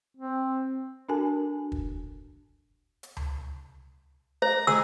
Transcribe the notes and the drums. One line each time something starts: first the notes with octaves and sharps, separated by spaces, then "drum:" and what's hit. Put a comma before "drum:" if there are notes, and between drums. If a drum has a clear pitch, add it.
C4
D4 F#4 A4 A#4 G#5 A5
drum: kick
drum: hi-hat
drum: tom C#2
C5 A#5
G#4 E6, drum: snare